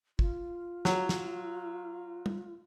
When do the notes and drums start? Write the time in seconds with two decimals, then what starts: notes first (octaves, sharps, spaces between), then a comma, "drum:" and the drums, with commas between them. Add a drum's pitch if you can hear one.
0.19 F4, drum: kick
0.85 F#3, drum: snare
1.09 drum: snare
2.26 drum: tom